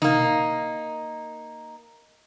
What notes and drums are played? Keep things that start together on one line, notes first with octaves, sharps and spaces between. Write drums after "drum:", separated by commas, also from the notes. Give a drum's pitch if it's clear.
A#3 D#4, drum: tom